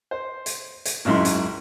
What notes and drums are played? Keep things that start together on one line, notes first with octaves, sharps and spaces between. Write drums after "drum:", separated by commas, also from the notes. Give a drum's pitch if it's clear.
C5
drum: hi-hat
drum: hi-hat
G#1 C#2 F#2 E4 C6
drum: hi-hat